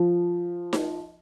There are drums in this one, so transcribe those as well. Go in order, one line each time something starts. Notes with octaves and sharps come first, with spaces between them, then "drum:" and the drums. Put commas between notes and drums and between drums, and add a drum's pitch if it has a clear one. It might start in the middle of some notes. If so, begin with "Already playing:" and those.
Already playing: F3
drum: snare D#4